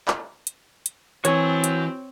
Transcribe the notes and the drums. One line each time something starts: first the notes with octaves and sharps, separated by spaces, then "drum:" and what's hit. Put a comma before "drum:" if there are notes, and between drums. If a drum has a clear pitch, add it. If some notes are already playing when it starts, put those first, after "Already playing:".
drum: clap
drum: hi-hat
drum: hi-hat
E3 C4 F#4 C#5 G#5, drum: hi-hat
drum: hi-hat